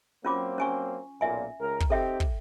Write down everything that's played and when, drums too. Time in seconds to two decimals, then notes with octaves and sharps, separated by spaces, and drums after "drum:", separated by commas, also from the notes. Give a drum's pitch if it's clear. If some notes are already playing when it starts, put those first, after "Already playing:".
0.25 F#3 A#3 C4 C#4 F4 D6
0.58 C#4 G#5 C#6
1.21 B1 A#2 E5 G#5
1.61 C#2 A#4
1.80 drum: kick
1.90 C4 D#4 G4 A4 E5 G5
2.20 drum: kick